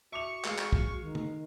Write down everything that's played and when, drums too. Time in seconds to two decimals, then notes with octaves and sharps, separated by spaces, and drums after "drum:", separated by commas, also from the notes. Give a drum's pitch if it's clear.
0.12 F#4 E5 C#6 D6 F7
0.45 G#3 F5, drum: clap
0.58 drum: clap
0.73 drum: kick
1.01 D#3
1.15 drum: tom